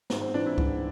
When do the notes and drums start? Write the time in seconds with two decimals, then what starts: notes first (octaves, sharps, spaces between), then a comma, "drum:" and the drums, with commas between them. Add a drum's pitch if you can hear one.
0.10 G#2 C4, drum: snare
0.22 C4
0.34 E3 D4
0.46 E4
0.58 G#2, drum: kick C#2